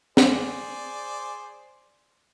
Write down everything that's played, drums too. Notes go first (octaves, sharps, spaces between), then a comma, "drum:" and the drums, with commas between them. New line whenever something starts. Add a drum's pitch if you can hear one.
G#4 C5 D5, drum: snare